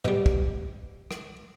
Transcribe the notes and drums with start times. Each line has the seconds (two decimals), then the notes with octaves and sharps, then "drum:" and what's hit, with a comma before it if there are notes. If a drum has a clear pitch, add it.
0.05 B2 G3, drum: tom
0.26 drum: kick
1.11 drum: rim click